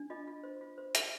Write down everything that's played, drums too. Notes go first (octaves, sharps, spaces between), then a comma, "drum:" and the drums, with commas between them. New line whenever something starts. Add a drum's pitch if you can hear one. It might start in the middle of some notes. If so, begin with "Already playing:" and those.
Already playing: D4
F4 D#5
F4
C5
F4
C5
F4, drum: hi-hat